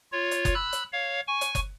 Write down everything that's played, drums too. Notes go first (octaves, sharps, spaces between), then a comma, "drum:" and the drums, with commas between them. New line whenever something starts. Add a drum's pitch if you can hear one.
F4 C#5
drum: hi-hat
drum: kick F#1, hi-hat
B5 E6 F#6
drum: hi-hat
C#5 F5
G#5 C#6
drum: hi-hat
drum: kick F#1, hi-hat